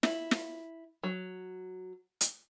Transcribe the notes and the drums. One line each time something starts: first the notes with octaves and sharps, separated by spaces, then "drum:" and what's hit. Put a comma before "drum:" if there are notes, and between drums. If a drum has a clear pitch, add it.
E4, drum: snare
drum: snare
F#3
drum: hi-hat